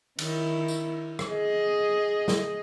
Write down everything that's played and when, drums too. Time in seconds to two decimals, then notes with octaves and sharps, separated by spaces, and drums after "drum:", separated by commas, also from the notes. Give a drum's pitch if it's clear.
0.19 D#3 E4, drum: cymbal
0.68 drum: tambourine
1.19 drum: rim click
1.28 G#4 D#5
2.28 drum: snare